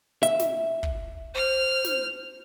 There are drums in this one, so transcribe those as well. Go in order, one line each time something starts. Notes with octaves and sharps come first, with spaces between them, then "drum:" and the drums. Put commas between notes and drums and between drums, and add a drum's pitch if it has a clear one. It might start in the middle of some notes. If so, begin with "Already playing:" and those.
E5, drum: hi-hat
drum: snare
drum: kick
C5 F6
drum: snare